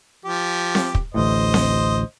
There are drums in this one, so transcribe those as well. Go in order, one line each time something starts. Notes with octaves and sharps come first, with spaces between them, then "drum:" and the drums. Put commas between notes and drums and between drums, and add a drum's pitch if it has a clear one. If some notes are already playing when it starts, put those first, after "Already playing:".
F3 G4
drum: snare C4
drum: kick
A1 D2 A2 C5 D#5
drum: snare C4